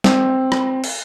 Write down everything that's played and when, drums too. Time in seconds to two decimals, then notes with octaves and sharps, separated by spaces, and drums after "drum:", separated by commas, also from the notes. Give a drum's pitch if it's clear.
0.04 C4, drum: snare
0.52 drum: rim click
0.84 drum: cymbal